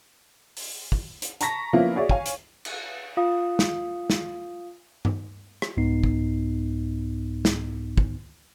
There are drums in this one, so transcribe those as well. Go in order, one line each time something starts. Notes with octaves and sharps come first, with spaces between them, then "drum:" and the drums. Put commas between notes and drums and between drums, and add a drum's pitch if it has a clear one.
drum: open hi-hat
drum: kick
drum: hi-hat
A5 A#5 C#6 A#6 B6, drum: hi-hat
F3 A#3 B3 C#4 E4 F4
F#4 G#4 C#5 D5 E5
C#5 F5 G#5, drum: kick
drum: hi-hat
drum: cymbal
F4 F5 D#6
drum: snare
drum: snare
drum: tom G2
drum: rim click
C2 G#2 B3 D#4 C7
drum: kick
drum: snare
drum: kick